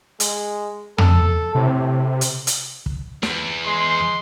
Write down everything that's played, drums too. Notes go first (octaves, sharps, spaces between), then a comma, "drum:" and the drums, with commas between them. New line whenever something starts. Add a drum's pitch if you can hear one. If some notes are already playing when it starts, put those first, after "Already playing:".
G#3, drum: hi-hat
A4, drum: tom
A2 C3
drum: hi-hat
drum: hi-hat
drum: kick
E2, drum: snare
G#3 C6